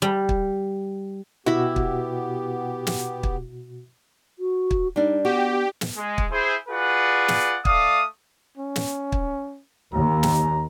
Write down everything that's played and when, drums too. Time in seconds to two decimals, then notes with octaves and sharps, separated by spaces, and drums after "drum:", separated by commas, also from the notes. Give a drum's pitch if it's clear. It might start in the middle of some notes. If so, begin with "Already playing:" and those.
0.02 G3
0.29 drum: kick
1.46 B2 B3 E4 F#4 G4 E5 B5
1.76 drum: kick
2.87 drum: snare
3.23 drum: kick
4.39 F#4
4.71 drum: kick
4.96 G3 D4 D#4
5.25 B3 F#4 G4
5.81 drum: snare
5.97 G#3
6.18 drum: kick
6.31 E4 G#4 C5
6.69 F4 F#4 G#4 B4 D5 F#5
7.28 drum: snare
7.65 A3 D5 F5 D#6, drum: kick
8.58 C#4
8.76 drum: snare
9.12 drum: kick
9.94 D#2 A#5
10.23 drum: snare